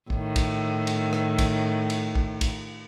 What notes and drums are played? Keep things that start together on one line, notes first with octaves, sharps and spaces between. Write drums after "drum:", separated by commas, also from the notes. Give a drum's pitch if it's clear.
A2 D#3, drum: kick
drum: kick, cymbal
drum: cymbal
drum: rim click
drum: kick, cymbal
drum: cymbal
drum: kick
drum: kick, cymbal